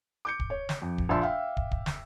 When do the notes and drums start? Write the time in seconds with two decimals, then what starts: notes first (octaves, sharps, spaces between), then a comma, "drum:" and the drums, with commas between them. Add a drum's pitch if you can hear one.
0.25 D6 G6 C#7
0.40 drum: kick
0.50 C#5
0.69 drum: snare
0.82 F2
0.98 drum: kick
1.09 A#1 F4 E5 A5 C6 E6
1.22 E5 F5 G5
1.57 drum: kick
1.71 drum: kick
1.86 drum: snare